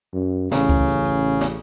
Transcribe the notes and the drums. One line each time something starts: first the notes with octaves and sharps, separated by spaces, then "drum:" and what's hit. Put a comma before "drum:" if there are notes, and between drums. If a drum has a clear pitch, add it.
F#2
A1 C#3, drum: snare
drum: kick C#2, hi-hat
drum: hi-hat
drum: hi-hat
drum: snare